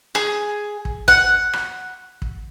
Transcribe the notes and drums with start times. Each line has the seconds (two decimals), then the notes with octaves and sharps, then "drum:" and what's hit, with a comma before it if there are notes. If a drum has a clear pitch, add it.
0.15 G#4, drum: rim click
0.85 drum: kick
1.08 F#5, drum: kick
1.53 drum: rim click
2.22 drum: kick